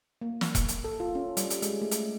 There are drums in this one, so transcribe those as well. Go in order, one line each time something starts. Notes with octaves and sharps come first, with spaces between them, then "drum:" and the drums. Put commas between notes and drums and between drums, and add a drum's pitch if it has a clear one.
A#3
drum: snare
drum: kick E1, hi-hat
drum: hi-hat
A4
F4
C#4
G3, drum: hi-hat
drum: hi-hat
G#3, drum: hi-hat
A3
drum: hi-hat